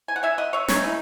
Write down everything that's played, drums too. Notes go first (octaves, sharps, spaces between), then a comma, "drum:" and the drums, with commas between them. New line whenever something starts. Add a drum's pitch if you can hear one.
G#5
F#5
E5 G#5
D#5 F#5
C#5 E5
D#3 G#3 D#4 C#5, drum: snare
E4 G#4